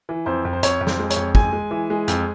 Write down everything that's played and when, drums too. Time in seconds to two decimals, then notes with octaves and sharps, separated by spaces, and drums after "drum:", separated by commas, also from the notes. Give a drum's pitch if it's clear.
0.09 E3
0.26 F2 C5
0.45 F2
0.53 C5
0.63 F2 C#5, drum: hi-hat
0.81 F2
0.87 C5, drum: snare
1.00 G#3
1.10 C#5, drum: hi-hat
1.16 F2
1.35 G#3 G#5, drum: kick
1.53 G#3
1.71 E3
1.90 G#3
2.08 F2, drum: hi-hat